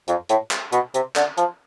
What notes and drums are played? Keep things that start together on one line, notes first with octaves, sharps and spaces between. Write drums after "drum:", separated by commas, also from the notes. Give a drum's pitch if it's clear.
F2, drum: hi-hat
A2, drum: hi-hat
drum: clap
B2, drum: hi-hat
C3, drum: hi-hat
D3, drum: clap
F3, drum: hi-hat